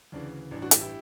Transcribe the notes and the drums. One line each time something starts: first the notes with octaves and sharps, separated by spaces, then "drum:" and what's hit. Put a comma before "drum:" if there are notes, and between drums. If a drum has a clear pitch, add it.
D2 C#3 E3 D4
A1 G2 E3 D4
D4 F#4
E4 G4, drum: hi-hat
E4 G4